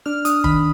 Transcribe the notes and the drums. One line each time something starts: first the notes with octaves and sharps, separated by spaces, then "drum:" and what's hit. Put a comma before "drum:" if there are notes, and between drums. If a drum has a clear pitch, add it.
D4 F6
D4 D#6, drum: hi-hat
D#3 B5, drum: kick